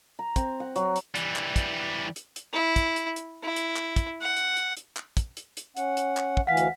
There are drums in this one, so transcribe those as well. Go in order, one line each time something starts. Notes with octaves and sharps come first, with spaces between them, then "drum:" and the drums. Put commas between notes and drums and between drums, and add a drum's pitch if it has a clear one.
A#5
C4, drum: kick, hi-hat
F#5
F#3, drum: hi-hat
drum: hi-hat
E3 G3, drum: hi-hat
drum: clap
drum: kick, hi-hat
drum: hi-hat
drum: hi-hat
E4
drum: kick, hi-hat
drum: hi-hat
drum: hi-hat
E4
drum: hi-hat
drum: clap
drum: kick, hi-hat
F#5
drum: hi-hat
drum: hi-hat
drum: hi-hat
drum: clap
drum: kick, hi-hat
drum: hi-hat
drum: hi-hat
C#4 F#5, drum: hi-hat
drum: hi-hat
drum: clap
drum: kick
D2 E3 F5 F#5 B6
drum: hi-hat